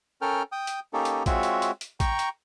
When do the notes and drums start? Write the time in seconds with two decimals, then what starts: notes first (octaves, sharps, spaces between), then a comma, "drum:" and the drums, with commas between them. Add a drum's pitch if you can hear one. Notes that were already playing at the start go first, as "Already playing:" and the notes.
0.22 C#4 A4 A#4 G5 F6
0.52 G5 D#6
0.67 drum: hi-hat
0.94 A#3 C#4 D#4 G4 A4 A#4
1.05 drum: hi-hat
1.26 G#3 C4 F4 F#4 C#5 E5, drum: kick A#1, hi-hat
1.43 drum: hi-hat
1.62 drum: hi-hat
1.81 drum: hi-hat
2.00 G5 A#5 C#6, drum: kick A#1, hi-hat
2.19 drum: hi-hat